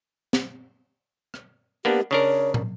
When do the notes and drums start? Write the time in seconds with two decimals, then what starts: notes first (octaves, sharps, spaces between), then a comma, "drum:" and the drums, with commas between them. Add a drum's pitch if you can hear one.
0.33 drum: snare
1.34 drum: rim click
1.85 A#3 B3 D4 G4
2.11 C#3 D4 A#4 C#5
2.54 drum: tom